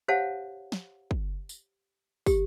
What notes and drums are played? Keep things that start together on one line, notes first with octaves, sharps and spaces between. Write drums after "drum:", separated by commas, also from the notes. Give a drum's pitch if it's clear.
G4 C5 C#5 F5 F#5 A5
drum: snare
drum: kick
drum: tambourine
G4, drum: kick, tambourine